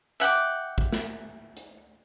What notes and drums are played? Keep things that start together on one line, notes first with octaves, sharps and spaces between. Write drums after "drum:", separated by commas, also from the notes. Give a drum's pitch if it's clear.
E5 F#5 G5 D6, drum: hi-hat
drum: kick
drum: snare
drum: hi-hat